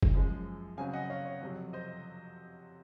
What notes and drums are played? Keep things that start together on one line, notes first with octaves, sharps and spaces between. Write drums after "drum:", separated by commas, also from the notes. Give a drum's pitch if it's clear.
drum: kick F#1
F#2 F3 G#3
C#3 F#3 C4 F5 G#5
D#5 F#5
C#5 F5
C#5
F2 C3 F#3
C5 D#5